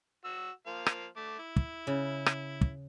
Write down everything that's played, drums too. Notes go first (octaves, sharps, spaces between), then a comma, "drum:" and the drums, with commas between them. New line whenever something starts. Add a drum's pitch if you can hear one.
F#4 E6
F3 A#3 F5
drum: rim click
A3 D6
E4
drum: kick
C#3
drum: rim click
drum: kick